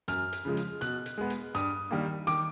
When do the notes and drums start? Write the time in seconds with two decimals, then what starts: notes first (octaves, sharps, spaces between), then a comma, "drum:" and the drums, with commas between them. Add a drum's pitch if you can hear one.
0.08 F#2 F6, drum: hi-hat
0.33 drum: hi-hat
0.45 C#3 F3 G#3
0.57 drum: hi-hat
0.81 B2 F#6, drum: hi-hat
1.06 drum: hi-hat
1.18 G#3 B3
1.30 drum: hi-hat
1.55 G2 D#6, drum: hi-hat
1.91 D#3 G3 A#3
2.27 D#3 D6, drum: hi-hat